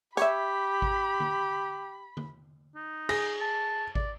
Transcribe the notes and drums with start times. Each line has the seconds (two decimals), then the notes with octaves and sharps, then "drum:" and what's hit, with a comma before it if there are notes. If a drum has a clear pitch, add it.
0.17 G4 C#5 E5 B5, drum: hi-hat
0.82 drum: kick G#1
1.20 drum: tom D3
2.17 drum: tom D3
2.76 D#4
3.09 G#4 A#6, drum: cymbal
3.41 A5
3.95 D5, drum: kick G#1